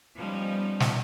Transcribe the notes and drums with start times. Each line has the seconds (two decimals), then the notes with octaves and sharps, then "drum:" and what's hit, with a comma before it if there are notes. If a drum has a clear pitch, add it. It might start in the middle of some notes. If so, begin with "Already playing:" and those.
0.17 F3 G3 B3 C#4 D#4
0.80 drum: snare